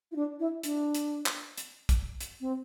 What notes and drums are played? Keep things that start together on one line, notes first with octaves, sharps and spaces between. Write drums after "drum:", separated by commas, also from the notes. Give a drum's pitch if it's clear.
E4
D4
E4
D4, drum: hi-hat
drum: hi-hat
drum: clap
drum: hi-hat
drum: kick, hi-hat
drum: hi-hat
C4